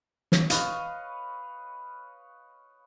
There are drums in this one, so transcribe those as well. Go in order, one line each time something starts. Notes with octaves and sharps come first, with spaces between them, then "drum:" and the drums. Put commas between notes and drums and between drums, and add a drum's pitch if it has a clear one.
drum: snare
B4 C#5 D#5 F5, drum: hi-hat